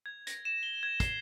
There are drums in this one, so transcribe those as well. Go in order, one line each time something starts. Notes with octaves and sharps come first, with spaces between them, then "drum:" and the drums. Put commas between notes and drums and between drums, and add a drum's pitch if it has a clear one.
G#6
A#6, drum: hi-hat
E7
G7
G#6
C7, drum: kick, hi-hat